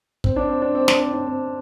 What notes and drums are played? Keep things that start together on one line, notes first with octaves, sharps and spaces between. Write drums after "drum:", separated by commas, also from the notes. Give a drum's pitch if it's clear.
C4, drum: kick
D4
C4
D4
C4
D4, drum: snare
C4
D4
C4